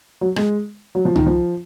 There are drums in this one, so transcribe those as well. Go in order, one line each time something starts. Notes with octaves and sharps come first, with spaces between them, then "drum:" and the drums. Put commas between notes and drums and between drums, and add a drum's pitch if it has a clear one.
F#3
G#3, drum: rim click
F#3
F3
D#3, drum: tom C2
F3